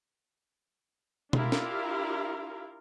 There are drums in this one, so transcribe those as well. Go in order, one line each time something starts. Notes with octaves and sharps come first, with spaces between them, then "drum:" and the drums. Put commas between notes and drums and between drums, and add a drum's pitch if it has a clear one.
D4 E4 F4 G4 A#4 F5, drum: tom B2
drum: snare